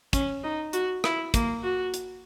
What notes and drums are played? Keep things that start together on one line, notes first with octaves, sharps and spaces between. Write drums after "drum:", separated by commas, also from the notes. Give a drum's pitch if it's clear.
C#4, drum: kick, hi-hat
D#4
F#4, drum: hi-hat
E4, drum: rim click
A#3, drum: kick, hi-hat
F#4
drum: hi-hat